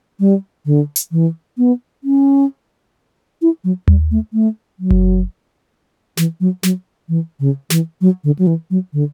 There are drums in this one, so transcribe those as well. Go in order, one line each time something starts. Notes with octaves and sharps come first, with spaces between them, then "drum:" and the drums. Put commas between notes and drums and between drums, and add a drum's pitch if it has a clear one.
G3
D3
drum: hi-hat
E3
B3
C#4
E4
F#3
G3, drum: tom D#2
A3
A3
F#3
drum: kick F#1
E3, drum: snare
F#3
F#3, drum: snare
E3
C#3
E3, drum: snare
F#3
D3
F#3
E3
F#3
D3